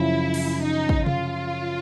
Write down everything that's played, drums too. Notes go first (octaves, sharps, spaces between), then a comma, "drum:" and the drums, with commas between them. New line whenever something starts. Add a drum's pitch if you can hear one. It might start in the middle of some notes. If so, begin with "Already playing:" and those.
Already playing: F#2 C#3 F3 E4
drum: cymbal
D#4
drum: kick
F4, drum: tom C3